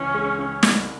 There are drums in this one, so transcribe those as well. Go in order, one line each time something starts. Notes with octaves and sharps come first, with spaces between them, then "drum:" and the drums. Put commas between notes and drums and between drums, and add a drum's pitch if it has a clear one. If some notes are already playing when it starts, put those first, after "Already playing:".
Already playing: C#2 E3 C#4
G#3
C#3
C2, drum: snare